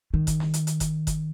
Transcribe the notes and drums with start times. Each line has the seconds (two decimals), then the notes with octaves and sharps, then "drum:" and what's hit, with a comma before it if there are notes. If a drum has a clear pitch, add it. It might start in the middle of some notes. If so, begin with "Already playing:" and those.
0.14 D#3
0.27 drum: kick F#1, hi-hat
0.40 drum: snare
0.54 drum: hi-hat
0.67 drum: hi-hat
0.80 drum: kick F#1, hi-hat
1.07 drum: kick F#1, hi-hat